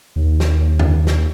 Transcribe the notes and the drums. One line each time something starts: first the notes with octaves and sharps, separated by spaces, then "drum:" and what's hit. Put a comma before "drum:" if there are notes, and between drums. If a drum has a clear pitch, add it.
D#2
drum: snare
drum: tom F2
drum: snare